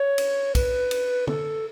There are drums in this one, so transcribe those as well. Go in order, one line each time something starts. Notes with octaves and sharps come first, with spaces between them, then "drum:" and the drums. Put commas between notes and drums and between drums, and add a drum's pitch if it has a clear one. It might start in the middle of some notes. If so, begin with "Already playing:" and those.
Already playing: C#5
drum: cymbal
B4, drum: kick, cymbal
drum: cymbal
A4, drum: tom D3